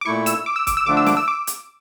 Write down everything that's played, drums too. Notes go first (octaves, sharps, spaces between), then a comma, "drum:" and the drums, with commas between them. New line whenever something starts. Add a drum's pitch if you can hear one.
D6
A#2 A3 E4 C#6
E6, drum: hi-hat
D6
E6
D6, drum: kick, hi-hat
E6
D3 F3 A3 D4 D6
E6
D6, drum: snare
E6
D6
drum: hi-hat